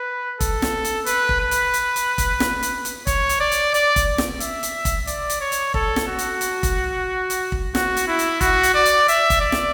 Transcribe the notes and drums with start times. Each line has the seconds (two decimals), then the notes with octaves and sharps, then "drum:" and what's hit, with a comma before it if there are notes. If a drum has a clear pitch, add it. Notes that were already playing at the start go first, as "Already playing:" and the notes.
Already playing: B4
0.40 A4, drum: kick, hi-hat
0.62 drum: snare
0.85 drum: hi-hat
1.06 B4, drum: hi-hat
1.29 drum: kick
1.40 B4
1.51 drum: hi-hat
1.74 drum: hi-hat
1.96 drum: hi-hat
2.18 drum: kick, hi-hat
2.40 drum: snare
2.63 drum: hi-hat
2.85 drum: hi-hat
3.07 C#5, drum: kick, hi-hat
3.29 drum: hi-hat
3.40 D5
3.52 drum: hi-hat
3.74 D5, drum: hi-hat
3.96 drum: kick, hi-hat
4.18 drum: snare
4.40 E5, drum: hi-hat
4.63 drum: hi-hat
4.85 drum: kick, hi-hat
5.07 D5, drum: hi-hat
5.30 drum: hi-hat
5.41 C#5
5.52 drum: hi-hat
5.74 A4, drum: kick
5.96 drum: snare
6.08 F#4
6.19 drum: hi-hat
6.41 drum: hi-hat
6.63 drum: kick, hi-hat
7.30 drum: hi-hat
7.52 drum: kick
7.75 F#4, drum: snare
7.97 drum: hi-hat
8.08 E4
8.19 drum: hi-hat
8.41 F#4, drum: kick, hi-hat
8.63 drum: hi-hat
8.74 D5
8.86 drum: hi-hat
9.08 E5, drum: hi-hat
9.30 drum: kick, hi-hat
9.41 D5
9.52 drum: snare